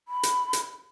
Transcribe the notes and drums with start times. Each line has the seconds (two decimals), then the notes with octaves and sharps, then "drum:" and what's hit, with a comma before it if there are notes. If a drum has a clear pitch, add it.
0.08 B5
0.23 drum: hi-hat
0.53 drum: hi-hat